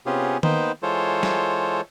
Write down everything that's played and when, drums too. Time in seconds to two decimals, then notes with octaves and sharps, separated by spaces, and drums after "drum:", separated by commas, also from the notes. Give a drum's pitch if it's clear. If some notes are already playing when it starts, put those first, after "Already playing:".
0.06 C3 B3 C#4 F4 G4 G#4
0.43 A#3 B3 D#4 B4 C5 G5, drum: tom D#3
0.83 E3 G#3 F4 A4 C5 C#5
1.23 drum: snare